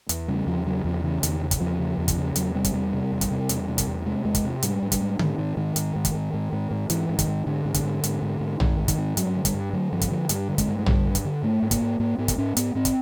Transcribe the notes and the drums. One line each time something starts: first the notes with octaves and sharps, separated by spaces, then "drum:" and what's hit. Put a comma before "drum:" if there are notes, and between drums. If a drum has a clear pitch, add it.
E2, drum: hi-hat
C#3 G3
E2 F3
C#3 F#3
E2 F3
C#3 E3
E2 D#3, drum: hi-hat
C#3
drum: kick, hi-hat
E2 F3
C#3
E2
drum: kick, hi-hat
C#3
E2 F#3, drum: hi-hat
C3 G3
drum: kick, hi-hat
E2 G3
C3
E2
drum: kick, hi-hat
C3
E2, drum: hi-hat
C3
drum: kick, hi-hat
E2
C3 G#3
E2 G#3
drum: kick, hi-hat
C3
G#2 G3, drum: hi-hat
G#2
G3, drum: kick, hi-hat
G#2
G#2 D3, drum: tom D3
G#2 D#3
G#2 D#3
G#2, drum: hi-hat
G#2
drum: kick, hi-hat
G#2
G#2
G#2
G#2
G#2 E3, drum: hi-hat
G#2
D#3, drum: kick, hi-hat
G#2
G#2 D3
G#2
D3, drum: kick, hi-hat
G#2
G#2, drum: hi-hat
G#2
G#2
G#2 D#3, drum: tom A#1
G#2
D#3, drum: kick, hi-hat
G#2
G2 F#3, drum: hi-hat
D3
G3, drum: kick, hi-hat
G2
D3 F#3
G2 F3
drum: kick, hi-hat
D3 F3
G2 G3, drum: hi-hat
D3
G#3, drum: kick, hi-hat
G2
G#3
D3 G3, drum: tom A#1
G2
drum: kick, hi-hat
D3
G#2 A3
G#2
A#3, drum: kick, hi-hat
G#2
G#2 A#3
G#2 B3
drum: kick, hi-hat
G#2 C#4
G#2 B3, drum: hi-hat
G#2 C4
drum: kick, hi-hat